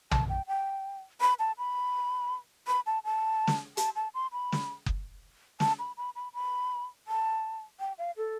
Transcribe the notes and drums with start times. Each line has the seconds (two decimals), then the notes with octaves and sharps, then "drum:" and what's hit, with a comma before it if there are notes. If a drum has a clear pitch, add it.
0.11 A5, drum: tom
0.29 G5
0.47 G5
1.21 B5
1.39 A5
1.58 B5
2.68 B5
2.86 A5
3.05 A5
3.47 drum: snare
3.77 A5, drum: hi-hat
3.96 A5
4.14 C6
4.32 B5
4.52 drum: snare
4.86 drum: kick F#1
5.60 A5, drum: snare
5.79 B5
5.97 B5
6.16 B5
6.34 B5
7.08 A5
7.80 G5
7.98 F5
8.17 A4